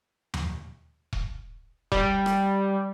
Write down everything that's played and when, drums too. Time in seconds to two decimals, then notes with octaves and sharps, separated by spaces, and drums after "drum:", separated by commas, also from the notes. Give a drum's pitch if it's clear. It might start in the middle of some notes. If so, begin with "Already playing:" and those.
0.34 drum: tom D#2
1.13 drum: kick E1
1.92 G3, drum: kick E1
2.26 drum: rim click